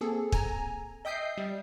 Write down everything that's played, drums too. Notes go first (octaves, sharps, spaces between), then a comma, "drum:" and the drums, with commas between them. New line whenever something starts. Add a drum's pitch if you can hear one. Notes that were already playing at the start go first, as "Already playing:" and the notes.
A#3 C4 G#4 A4
G#5 A#5, drum: kick
D#5 E5 G5 D#6 G6 C7
G3